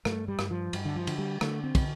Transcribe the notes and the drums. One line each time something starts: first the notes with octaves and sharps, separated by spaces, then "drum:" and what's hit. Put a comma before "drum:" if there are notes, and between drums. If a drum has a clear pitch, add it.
G2 A3, drum: rim click
G3
G2, drum: rim click
F3
G2, drum: cymbal
D3
F3
D3, drum: cymbal
G3
D3 A3, drum: rim click
C4
D3, drum: kick, cymbal